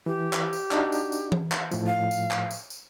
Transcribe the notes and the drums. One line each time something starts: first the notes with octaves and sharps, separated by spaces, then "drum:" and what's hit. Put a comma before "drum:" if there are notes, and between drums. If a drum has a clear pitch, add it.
E3 G4
drum: clap
drum: tambourine
D4 D#4 F#4, drum: clap
drum: tambourine
drum: tambourine
drum: tom E3
drum: clap
A2 F3, drum: tambourine
F5
drum: tambourine
drum: clap
drum: tambourine
drum: tambourine